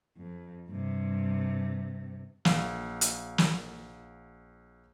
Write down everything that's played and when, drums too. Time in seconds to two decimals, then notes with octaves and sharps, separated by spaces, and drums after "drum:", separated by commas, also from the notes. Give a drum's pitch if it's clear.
0.17 F2
0.68 G2 C3
2.45 A#1 F5 C7, drum: snare
3.01 drum: hi-hat
3.38 drum: snare